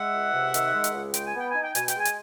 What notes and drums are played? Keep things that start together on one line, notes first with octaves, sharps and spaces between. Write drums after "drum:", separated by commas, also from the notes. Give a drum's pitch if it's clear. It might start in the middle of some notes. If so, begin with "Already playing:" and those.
Already playing: G#3 E5 F#5
C#2
C3
D#3, drum: hi-hat
G#3
drum: hi-hat
C#2
G#3 G5, drum: hi-hat
G#5
B3 G5
D#4 G#5
G5
B2 G#5, drum: hi-hat
G5, drum: hi-hat
G#3 G#5
drum: hi-hat